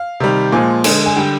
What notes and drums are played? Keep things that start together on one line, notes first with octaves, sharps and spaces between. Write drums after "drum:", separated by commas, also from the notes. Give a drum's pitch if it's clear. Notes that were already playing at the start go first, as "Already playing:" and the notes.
Already playing: F5
C3 D#3 G3
A#2 F3 G#3 G#5
D3 G#3 G#5, drum: cymbal
G#5
D3 G3 G5